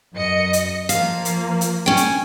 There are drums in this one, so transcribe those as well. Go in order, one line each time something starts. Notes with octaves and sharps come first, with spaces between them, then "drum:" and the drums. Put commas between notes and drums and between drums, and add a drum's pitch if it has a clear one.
F#2 D#5 C#7
drum: hi-hat
F3 A#3 F5, drum: hi-hat
drum: hi-hat
drum: hi-hat
C#4 G5
drum: hi-hat